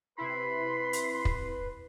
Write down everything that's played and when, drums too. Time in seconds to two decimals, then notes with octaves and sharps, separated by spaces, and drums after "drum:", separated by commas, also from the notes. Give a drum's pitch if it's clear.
0.18 C3 E4 B4 B5 C6
0.93 drum: hi-hat
1.25 drum: kick